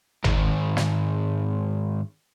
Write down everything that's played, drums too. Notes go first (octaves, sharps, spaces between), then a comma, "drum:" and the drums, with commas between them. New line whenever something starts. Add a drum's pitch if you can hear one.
G#2 D#3, drum: tom
drum: snare